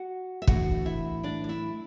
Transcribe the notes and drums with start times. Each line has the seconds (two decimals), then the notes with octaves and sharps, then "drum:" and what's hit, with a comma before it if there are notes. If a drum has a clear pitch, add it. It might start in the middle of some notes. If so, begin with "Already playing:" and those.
Already playing: F#4 F#5
0.42 E5
0.47 A2 E3 A3 D4 F#4 F#5, drum: kick
0.86 E4 E5
1.23 D4 D5
1.44 D5
1.49 E4 E5